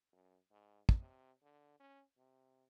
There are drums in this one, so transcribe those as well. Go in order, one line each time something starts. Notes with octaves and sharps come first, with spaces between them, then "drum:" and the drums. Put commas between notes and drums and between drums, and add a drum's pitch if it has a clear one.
F#2
G#2
drum: kick
C3
D3
C#4
C3